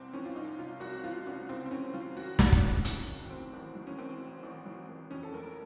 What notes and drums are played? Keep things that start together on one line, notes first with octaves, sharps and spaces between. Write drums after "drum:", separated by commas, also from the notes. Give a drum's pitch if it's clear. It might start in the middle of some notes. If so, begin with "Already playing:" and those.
Already playing: C2 C3 C4
F3 C#4
F4
C2 D#4
C3 F4
C2 F#4
F3 F4
C2 C#4
C#3 C4
C4
D#2 C#4
F#3 F4
D#2 F#4
C#3 D#4, drum: snare
drum: kick
D#2
F#3, drum: hi-hat
D#2
A2 C4
A1
F#3
C#4
A1 C4
A2
A1
F#3
A1
F2 C#4
A4
F1 A#4